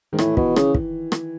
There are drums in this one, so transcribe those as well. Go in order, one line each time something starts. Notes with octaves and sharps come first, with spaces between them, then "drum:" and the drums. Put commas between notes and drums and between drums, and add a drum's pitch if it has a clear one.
G#2 D#3
A2 E3, drum: rim click
B2, drum: kick
C#3, drum: rim click
drum: kick
drum: rim click